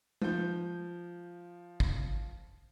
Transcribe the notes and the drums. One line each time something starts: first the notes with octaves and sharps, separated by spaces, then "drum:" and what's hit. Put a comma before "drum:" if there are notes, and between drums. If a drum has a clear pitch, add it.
F3 G6, drum: tom G#3
drum: kick